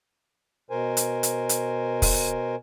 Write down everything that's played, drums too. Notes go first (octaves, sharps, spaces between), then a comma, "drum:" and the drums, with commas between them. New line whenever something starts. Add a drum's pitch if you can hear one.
B2 A#4 C5 G#5
drum: hi-hat
drum: hi-hat
drum: hi-hat
drum: kick, open hi-hat